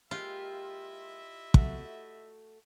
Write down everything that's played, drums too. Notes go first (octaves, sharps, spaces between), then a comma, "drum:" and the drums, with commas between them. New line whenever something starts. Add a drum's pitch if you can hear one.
G#3 A#3 E4 F4 G4 D#5 E5 G5
A3 F#4, drum: kick